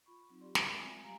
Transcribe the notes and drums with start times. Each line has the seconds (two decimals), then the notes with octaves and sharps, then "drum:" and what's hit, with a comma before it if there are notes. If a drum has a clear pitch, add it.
0.06 F4 B5 C#6
0.29 F#3 C4 D#4
0.41 F4 G4 D5 C6
0.55 G#3 F4 A#4 D5 E5, drum: snare
0.74 G#3 A3 C4 G#5
1.00 F#3 G3 G4 F5 G#5 A#5